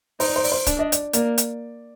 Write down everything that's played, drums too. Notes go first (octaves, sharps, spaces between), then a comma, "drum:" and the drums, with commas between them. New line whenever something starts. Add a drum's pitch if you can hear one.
D#4 C5, drum: open hi-hat
D5
C5
D5, drum: open hi-hat
C5
D4 D5, drum: kick C#1, hi-hat
D#5
D5, drum: hi-hat
A#3 D5, drum: hi-hat
drum: hi-hat